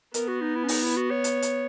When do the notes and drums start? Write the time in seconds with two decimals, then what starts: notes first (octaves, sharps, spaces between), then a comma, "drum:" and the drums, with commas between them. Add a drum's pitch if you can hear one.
0.14 B3 A#4, drum: hi-hat
0.28 F#4
0.41 D#4
0.56 E4
0.64 C#4
0.68 D#4, drum: open hi-hat
0.83 E4
0.96 F#4
1.11 C#5
1.24 drum: hi-hat
1.42 drum: hi-hat